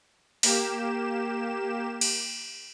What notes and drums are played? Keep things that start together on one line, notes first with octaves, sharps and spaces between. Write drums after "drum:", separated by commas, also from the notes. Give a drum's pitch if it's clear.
A#3 G4 E7, drum: open hi-hat
drum: cymbal